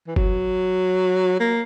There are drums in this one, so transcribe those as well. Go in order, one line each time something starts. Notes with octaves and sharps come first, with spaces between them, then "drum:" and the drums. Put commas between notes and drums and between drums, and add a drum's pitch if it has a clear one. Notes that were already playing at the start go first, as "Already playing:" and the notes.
E3
F#3, drum: kick F#1
A#3